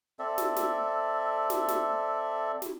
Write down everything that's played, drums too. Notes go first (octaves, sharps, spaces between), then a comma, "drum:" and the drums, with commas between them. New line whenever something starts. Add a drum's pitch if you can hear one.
C4 A4 D5 E5
drum: snare
drum: snare
drum: snare
drum: snare
drum: snare